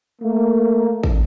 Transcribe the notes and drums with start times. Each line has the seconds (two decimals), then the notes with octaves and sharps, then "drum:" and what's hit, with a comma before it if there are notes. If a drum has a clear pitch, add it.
0.22 A3 A#3
1.04 drum: kick